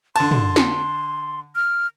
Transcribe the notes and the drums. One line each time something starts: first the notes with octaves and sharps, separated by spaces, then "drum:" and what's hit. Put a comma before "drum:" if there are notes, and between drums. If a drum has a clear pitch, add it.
D3 A5 C6, drum: cymbal
drum: tom
drum: snare
F6